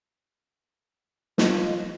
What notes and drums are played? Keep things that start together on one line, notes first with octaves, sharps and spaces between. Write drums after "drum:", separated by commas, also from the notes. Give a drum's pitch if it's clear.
F3 D#5, drum: snare